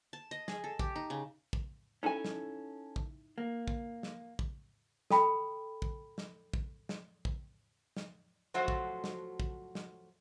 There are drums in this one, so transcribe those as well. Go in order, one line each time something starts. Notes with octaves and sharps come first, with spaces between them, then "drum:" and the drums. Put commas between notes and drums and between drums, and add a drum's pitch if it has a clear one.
A5
D#5
G#4, drum: snare
A4
G4, drum: kick
D#4
C#3
drum: kick
C#4 D#4 E4 A4 G#5
drum: snare
drum: kick
A#3
drum: kick
drum: snare
drum: kick
A4 G5 B5, drum: snare
drum: kick
drum: snare
drum: kick
drum: snare
drum: kick
drum: snare
F3 F#3 A3 F#4 C5
drum: kick
drum: snare
drum: kick
drum: snare